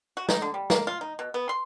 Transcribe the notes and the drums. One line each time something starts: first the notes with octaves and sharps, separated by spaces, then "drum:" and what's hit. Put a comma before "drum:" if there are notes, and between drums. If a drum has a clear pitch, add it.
F#4
D#4, drum: snare
D3
G3
A#3, drum: snare
F4
D#4
B2
B3
C6